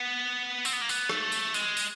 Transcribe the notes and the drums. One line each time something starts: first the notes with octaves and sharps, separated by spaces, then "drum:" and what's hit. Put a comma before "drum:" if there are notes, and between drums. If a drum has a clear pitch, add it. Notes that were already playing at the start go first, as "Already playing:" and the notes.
Already playing: B3
C4, drum: tambourine
B3
A#3
B3, drum: tambourine
A3, drum: rim click
drum: tambourine
G#3, drum: tambourine
drum: tambourine